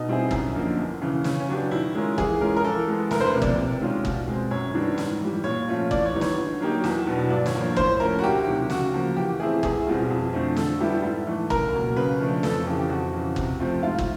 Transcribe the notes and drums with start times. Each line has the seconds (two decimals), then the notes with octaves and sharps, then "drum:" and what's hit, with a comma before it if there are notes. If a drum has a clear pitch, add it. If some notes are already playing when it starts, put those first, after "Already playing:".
Already playing: B2 D#4
0.08 G3 C4 E4 G#4
0.31 F#2, drum: kick
0.55 D3 F3 A#3
0.77 E2
1.02 C#3 E3
1.24 C#3 C#4, drum: snare
1.40 C#4
1.48 F#3 B3 D4 G4
1.71 D#3 E4
1.95 G#3 C#4 F4 A#4
2.18 E3 G#4, drum: kick
2.41 G#3 C#4 F4 A#4
2.57 A#4
2.65 E3 A4
2.88 G#3 B3
3.11 D2 A#4, drum: snare
3.20 C5
3.26 B4
3.34 C3 F3 A#3
3.42 D5, drum: kick
3.58 C3
3.81 D#3 G#3 C#4 F4
4.05 B2, drum: kick
4.27 G#3 C4
4.51 F#2 C#5
4.74 D#3 G3 B3 D4
4.98 G#2, drum: snare
5.21 E3 G3
5.44 A#2 C#5
5.67 F3 A3 C#4 F4
5.91 E3 D5, drum: kick
6.06 C#5
6.14 G3 B3 D#4
6.21 C#5, drum: snare
6.37 D3
6.60 F#3 A#3 D#4 G4
6.84 E2, drum: snare
7.07 B2 F#3 B3 D4
7.30 G2 D5
7.46 C#5, drum: snare
7.54 D3 F3 A#3
7.61 C#5
7.76 A2 C5, drum: kick
8.00 F3 A3 C#4 A#4
8.19 F#4
8.24 D2 G4
8.47 C3 D#3 F#3
8.70 C#3 F#4, drum: snare
8.93 F3 A#3
9.16 E3 G4
9.40 A3 C4 E4 G#4
9.63 E2 G#4, drum: kick
9.86 B2 G3 C4 F4
10.10 F2
10.33 D3 F3 A3 C4
10.56 D3 A4, drum: snare
10.80 G3 B3 E4 G4
11.03 G#2
11.27 E3 A3
11.50 C#2 A#4, drum: kick
11.73 B2 F#3 A#3
11.96 C#3 B4
12.19 F3 A3 D4
12.43 F2 A4, drum: snare
12.67 C#3 E3 G4
12.79 G4
12.89 F2 F#4
13.13 C#3 E3
13.36 C3, drum: kick
13.59 F3 A3 C4 F4
13.82 G#2 F4
13.98 drum: kick